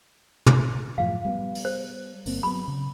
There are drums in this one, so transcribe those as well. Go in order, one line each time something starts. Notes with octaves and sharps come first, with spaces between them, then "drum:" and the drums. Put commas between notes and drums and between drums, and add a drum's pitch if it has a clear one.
drum: tom
F#2 A2 F3 F5
G3 A#3 B3
drum: open hi-hat
C5
G1 A#3 C4, drum: open hi-hat
F#3 B3 B5
C#3